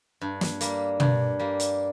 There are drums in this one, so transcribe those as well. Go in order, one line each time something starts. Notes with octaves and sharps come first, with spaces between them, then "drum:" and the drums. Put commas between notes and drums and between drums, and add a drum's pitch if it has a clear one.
G2
drum: snare
G3 A#3, drum: hi-hat
G2, drum: tom
G3 A#3
drum: hi-hat